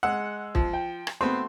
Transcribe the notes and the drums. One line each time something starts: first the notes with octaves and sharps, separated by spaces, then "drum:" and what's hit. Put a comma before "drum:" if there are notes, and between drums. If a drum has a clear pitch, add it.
G#3 F#5 E6
F3, drum: kick
G5
drum: rim click
A3 B3 C4 F#4 C6